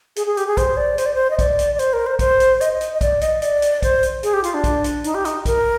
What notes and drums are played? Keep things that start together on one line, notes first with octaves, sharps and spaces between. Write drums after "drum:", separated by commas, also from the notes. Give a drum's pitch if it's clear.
G#4, drum: hi-hat
G#4
G4, drum: hi-hat
G#4
C5, drum: kick B1, hi-hat
D5
C5, drum: hi-hat
D5
C5
D#5
D5, drum: kick B1, hi-hat
drum: hi-hat
D5
C5, drum: hi-hat
A#4
C5
C5, drum: kick B1, hi-hat
drum: hi-hat
D#5, drum: hi-hat
drum: hi-hat
D#5
D5, drum: kick B1, hi-hat
D#5, drum: hi-hat
D5, drum: hi-hat
drum: hi-hat
C5, drum: kick B1, hi-hat
drum: hi-hat
G#4, drum: hi-hat
G4
F4, drum: hi-hat
D4
drum: kick B1, hi-hat
drum: hi-hat
D#4, drum: hi-hat
G4
D#4, drum: hi-hat
A#4, drum: kick B1, hi-hat